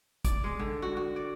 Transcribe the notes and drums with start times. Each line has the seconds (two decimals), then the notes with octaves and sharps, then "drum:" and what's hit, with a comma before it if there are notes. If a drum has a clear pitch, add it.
0.25 D5, drum: kick, hi-hat
0.44 G#3
0.59 D3
0.82 F#4
0.97 F#4
1.16 D5